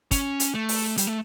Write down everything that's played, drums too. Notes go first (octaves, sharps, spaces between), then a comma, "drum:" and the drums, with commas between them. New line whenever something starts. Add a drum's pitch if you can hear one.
C#4, drum: kick, hi-hat
drum: hi-hat
A3
drum: open hi-hat
G3, drum: hi-hat
A3